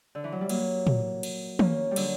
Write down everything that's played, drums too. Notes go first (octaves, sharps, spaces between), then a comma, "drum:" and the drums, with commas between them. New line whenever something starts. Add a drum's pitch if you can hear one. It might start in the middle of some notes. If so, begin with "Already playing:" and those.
D3
E3
F#3
G3
F#3 A#3, drum: cymbal
drum: tom
drum: cymbal
A#3 C#4, drum: tom
G3
D3 F#3, drum: cymbal